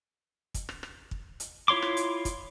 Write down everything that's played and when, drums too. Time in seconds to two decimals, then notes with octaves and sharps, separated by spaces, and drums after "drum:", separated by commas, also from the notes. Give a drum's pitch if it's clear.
0.54 drum: kick, hi-hat
0.69 drum: rim click
0.83 drum: rim click
1.11 drum: kick
1.40 drum: hi-hat
1.68 E4 F4 C#5 C6 D6
1.82 drum: rim click
1.97 drum: hi-hat
2.25 drum: kick, hi-hat